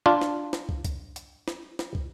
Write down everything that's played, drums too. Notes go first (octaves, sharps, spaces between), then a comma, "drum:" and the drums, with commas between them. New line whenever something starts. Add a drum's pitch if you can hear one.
D4 F4
drum: snare
drum: snare
drum: kick
drum: kick, hi-hat
drum: hi-hat
drum: snare
drum: snare
drum: kick